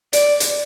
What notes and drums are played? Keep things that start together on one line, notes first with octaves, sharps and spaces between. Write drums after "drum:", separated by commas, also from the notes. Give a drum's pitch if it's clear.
D5, drum: hi-hat
drum: hi-hat